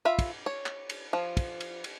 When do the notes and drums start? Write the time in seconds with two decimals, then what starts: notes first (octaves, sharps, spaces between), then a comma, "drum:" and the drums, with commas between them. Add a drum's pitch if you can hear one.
0.05 F4 E5 B5
0.19 drum: kick, cymbal
0.46 C#5
0.66 drum: clap
0.90 drum: cymbal
1.13 F3
1.37 drum: kick, cymbal
1.60 drum: cymbal
1.84 drum: cymbal